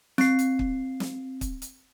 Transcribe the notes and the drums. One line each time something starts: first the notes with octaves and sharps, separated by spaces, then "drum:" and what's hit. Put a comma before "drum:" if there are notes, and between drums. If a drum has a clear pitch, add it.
C4 C7, drum: snare
drum: hi-hat
drum: kick
drum: snare
drum: kick, hi-hat
drum: hi-hat